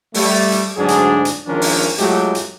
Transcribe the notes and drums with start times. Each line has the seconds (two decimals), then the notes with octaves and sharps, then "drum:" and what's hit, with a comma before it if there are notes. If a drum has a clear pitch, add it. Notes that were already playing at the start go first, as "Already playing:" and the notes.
0.14 G3 A3, drum: open hi-hat
0.52 drum: hi-hat
0.77 D2 G#2 F#3 D4 G#4
0.88 drum: hi-hat
1.25 drum: hi-hat
1.47 G#1 D#3 F3 C#4 D4 A#4
1.62 drum: open hi-hat
1.98 F#3 G#3 A3 F4 G4, drum: hi-hat
2.35 drum: hi-hat